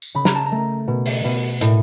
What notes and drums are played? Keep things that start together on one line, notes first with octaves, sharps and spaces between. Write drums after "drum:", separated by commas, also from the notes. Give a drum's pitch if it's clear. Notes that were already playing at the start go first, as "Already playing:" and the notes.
drum: tambourine
C#3 B5
A#5, drum: snare
A5
A#5
A3
B2
drum: open hi-hat
B2
A2, drum: hi-hat